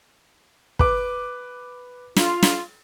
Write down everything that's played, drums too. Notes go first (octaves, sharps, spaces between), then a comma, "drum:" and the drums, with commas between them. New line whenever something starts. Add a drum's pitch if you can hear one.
B4 D6, drum: kick
F4, drum: snare
drum: snare